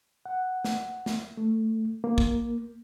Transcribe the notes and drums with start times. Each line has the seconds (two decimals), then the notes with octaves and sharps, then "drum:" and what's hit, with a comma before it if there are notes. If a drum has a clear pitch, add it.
0.26 F#5
0.64 drum: snare
1.06 drum: snare
1.37 A3
2.04 A#3
2.18 drum: kick